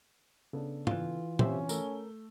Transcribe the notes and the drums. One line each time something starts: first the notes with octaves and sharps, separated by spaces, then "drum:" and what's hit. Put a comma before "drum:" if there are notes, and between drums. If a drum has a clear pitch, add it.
C#3 B3 D4 A4
E3 F4, drum: tom
C3 C#4 G4 C5 E5, drum: tom A#2
A3 A#4 E6 G7, drum: tambourine